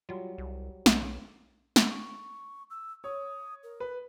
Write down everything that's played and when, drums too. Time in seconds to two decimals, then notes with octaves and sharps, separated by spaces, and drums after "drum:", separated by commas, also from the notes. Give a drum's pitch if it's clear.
0.09 F#3 G3 F4
0.38 C2
0.86 B1, drum: snare
1.76 drum: snare
1.91 C#6
2.70 E6
3.04 C#5 D#6
3.63 A#4
3.80 B4